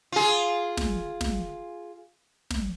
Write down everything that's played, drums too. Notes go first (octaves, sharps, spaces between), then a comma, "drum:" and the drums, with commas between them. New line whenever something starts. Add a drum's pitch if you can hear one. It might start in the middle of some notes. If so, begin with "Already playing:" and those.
F4 G#4
drum: snare
drum: snare
drum: snare